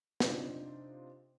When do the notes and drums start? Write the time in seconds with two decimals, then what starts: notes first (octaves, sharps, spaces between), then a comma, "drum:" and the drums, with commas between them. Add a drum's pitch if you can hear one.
0.20 C3 C4 D4 D#4 F4, drum: snare